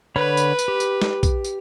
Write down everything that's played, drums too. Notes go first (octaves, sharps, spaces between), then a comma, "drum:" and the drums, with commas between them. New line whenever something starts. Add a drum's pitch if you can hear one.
D3 B4 C#5 B5
drum: tambourine
drum: tambourine
G4
drum: tambourine
drum: snare
drum: kick A#1, tambourine
drum: tambourine